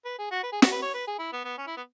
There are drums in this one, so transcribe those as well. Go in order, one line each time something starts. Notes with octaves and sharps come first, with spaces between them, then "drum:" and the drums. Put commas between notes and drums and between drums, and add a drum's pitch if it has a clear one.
B4
G#4
F#4
B4
G#4
F#4, drum: snare
B4
C#5
B4
G#4
E4
B3
B3
C#4
E4
B3